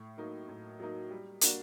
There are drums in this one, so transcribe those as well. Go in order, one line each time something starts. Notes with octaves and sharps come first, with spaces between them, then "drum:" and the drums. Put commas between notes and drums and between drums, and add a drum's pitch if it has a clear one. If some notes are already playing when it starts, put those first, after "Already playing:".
Already playing: A2
F#3 A#3 D#4
A2
F#3 A#3 D#4
G3
A#3 D4 F#4, drum: hi-hat